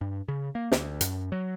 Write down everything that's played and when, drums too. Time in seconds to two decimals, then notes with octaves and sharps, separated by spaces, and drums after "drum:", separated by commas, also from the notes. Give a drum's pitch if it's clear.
0.01 G2
0.28 C#3
0.55 A#3
0.72 D2, drum: snare
1.01 F#2, drum: hi-hat
1.32 F#3